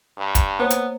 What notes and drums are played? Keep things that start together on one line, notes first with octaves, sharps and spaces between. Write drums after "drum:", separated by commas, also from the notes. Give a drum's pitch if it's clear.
G2
drum: kick, hi-hat
A#3 B3 C5 C#5
drum: hi-hat